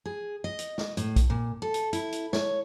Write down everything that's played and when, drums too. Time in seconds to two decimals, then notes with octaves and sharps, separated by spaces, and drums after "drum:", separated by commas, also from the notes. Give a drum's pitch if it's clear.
0.05 G#4
0.44 D#5
0.59 drum: hi-hat
0.78 drum: snare
0.97 A2, drum: hi-hat
1.16 drum: kick, hi-hat
1.30 A#2
1.62 A4
1.74 drum: hi-hat
1.93 E4, drum: hi-hat
2.12 drum: hi-hat
2.33 C#5, drum: snare